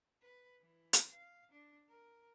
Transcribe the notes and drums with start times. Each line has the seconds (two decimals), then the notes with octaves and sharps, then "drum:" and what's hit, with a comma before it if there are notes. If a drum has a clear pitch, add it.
0.22 B4
0.61 E3
0.93 drum: hi-hat
1.11 F5
1.52 D4
1.89 A#4